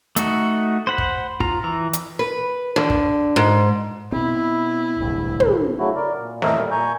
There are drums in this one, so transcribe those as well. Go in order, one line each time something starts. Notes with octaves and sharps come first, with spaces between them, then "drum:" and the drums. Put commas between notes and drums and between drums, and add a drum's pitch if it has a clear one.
A3 D#4 F#4, drum: hi-hat
C5 F#5 B5
drum: kick
F4 A#5, drum: kick
E3 A#5
drum: hi-hat
B4
D3, drum: snare
drum: kick
G#2
B2 C4 E4
D1 C2 G2
drum: tom
C#3 F#3 A3 E4 F#4
A#4 D5
A#2
F2 A2 A3 A#4 D#5 E5, drum: snare
A#2 G3
A#2 G#5 A#5 C#6 G6